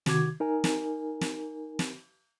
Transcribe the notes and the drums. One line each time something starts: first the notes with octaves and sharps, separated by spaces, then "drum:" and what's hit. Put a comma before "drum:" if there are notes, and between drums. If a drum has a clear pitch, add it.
C3 D#3 F#4 D6 G#6, drum: snare
D#4 A#4 G#5
drum: snare
drum: snare
drum: snare